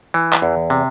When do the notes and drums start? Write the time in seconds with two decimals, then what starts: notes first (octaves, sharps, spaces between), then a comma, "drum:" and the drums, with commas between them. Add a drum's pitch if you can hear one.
0.14 E3
0.33 drum: clap
0.42 E2
0.70 C3